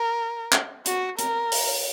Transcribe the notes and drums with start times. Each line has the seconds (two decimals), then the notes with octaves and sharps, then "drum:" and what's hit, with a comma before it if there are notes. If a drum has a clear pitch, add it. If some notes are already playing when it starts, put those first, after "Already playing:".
Already playing: A#4
0.52 drum: clap
0.86 F#4, drum: hi-hat
1.19 A#4, drum: hi-hat
1.52 drum: open hi-hat